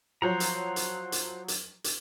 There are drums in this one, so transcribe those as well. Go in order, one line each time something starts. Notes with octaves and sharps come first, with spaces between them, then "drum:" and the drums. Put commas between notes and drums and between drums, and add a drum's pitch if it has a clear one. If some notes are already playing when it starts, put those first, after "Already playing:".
F3 F#3 C5 C#5 F#5 A#5
drum: hi-hat
drum: hi-hat
drum: hi-hat
drum: hi-hat
drum: hi-hat